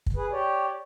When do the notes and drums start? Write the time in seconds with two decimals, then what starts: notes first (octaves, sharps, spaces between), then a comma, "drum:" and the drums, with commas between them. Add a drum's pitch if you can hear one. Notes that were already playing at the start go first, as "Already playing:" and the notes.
0.06 drum: kick
0.16 G#4 B4
0.32 G4 C#5 D5